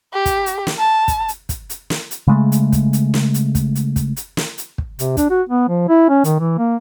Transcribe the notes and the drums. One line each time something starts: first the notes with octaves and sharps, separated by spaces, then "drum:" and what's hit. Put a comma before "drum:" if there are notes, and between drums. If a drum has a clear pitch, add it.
G4
drum: kick, hi-hat
drum: hi-hat
drum: snare
A5
drum: kick, hi-hat
drum: hi-hat
drum: kick, hi-hat
drum: hi-hat
drum: snare
drum: hi-hat
C#3 G#3 A3
drum: hi-hat
drum: kick, hi-hat
drum: hi-hat
drum: snare
drum: hi-hat
drum: kick, hi-hat
drum: hi-hat
drum: kick, hi-hat
drum: hi-hat
drum: snare
drum: hi-hat
drum: kick
C3, drum: hi-hat
D4, drum: kick, hi-hat
F#4
B3
F3
E4
C#4
D#3, drum: hi-hat
E3
A#3